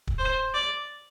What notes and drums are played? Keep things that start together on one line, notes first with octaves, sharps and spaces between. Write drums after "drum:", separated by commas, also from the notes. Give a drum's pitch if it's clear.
drum: kick
C5
D5